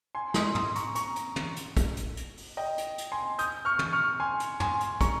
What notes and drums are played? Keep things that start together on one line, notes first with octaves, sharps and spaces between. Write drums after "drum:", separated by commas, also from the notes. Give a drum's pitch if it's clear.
G#5 C6
C6 D#6, drum: snare
C6 D#6, drum: tom
A#5 C#6, drum: hi-hat
A#5 C#6, drum: hi-hat
drum: hi-hat
drum: tom
drum: hi-hat
drum: kick, hi-hat
drum: hi-hat
drum: hi-hat
drum: open hi-hat
D#5 G5
drum: hi-hat
drum: hi-hat
G#5 C6
D#6 G6, drum: hi-hat
C#6 F6
drum: tom
C#6 F6
G#5 C6
drum: hi-hat
G#5 C6, drum: tom
drum: hi-hat
A#5 C#6, drum: kick, hi-hat